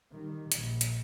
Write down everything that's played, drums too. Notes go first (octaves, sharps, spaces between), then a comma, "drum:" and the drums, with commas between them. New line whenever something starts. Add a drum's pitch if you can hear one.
D#3 G3
A#1, drum: hi-hat
drum: hi-hat